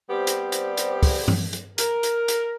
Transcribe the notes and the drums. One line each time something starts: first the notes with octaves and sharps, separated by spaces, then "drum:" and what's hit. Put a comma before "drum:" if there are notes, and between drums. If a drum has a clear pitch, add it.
G3 B3 C4 G4 C5 D5
drum: hi-hat
drum: hi-hat
drum: hi-hat
drum: kick, open hi-hat
drum: tom G2
drum: hi-hat
A#4, drum: hi-hat
drum: hi-hat
drum: hi-hat